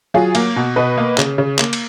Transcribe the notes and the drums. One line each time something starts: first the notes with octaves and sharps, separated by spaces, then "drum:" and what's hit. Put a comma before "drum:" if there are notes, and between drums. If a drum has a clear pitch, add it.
F#3 F4 G#4
A#3, drum: cymbal
B2
B2 B4 D#5
A#3
C#3, drum: clap
C#3
A#3, drum: clap
drum: cymbal